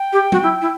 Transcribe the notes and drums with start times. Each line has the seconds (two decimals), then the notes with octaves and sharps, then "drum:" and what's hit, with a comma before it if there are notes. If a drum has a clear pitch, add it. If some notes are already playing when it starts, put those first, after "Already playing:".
Already playing: G5
0.13 G4
0.32 F#4, drum: tom
0.43 E4
0.61 E4